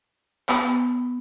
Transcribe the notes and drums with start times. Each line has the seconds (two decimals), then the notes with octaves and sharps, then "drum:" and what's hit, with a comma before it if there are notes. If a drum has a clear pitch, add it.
0.49 B3, drum: clap